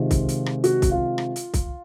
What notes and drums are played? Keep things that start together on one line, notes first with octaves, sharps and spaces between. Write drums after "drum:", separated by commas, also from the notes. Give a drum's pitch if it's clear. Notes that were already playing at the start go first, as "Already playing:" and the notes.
Already playing: C3 D#3 G#3 F4
drum: kick C2, hi-hat
drum: hi-hat
drum: rim click
F#4, drum: hi-hat
drum: kick C2, hi-hat
F4
drum: rim click
drum: hi-hat
drum: kick C2, hi-hat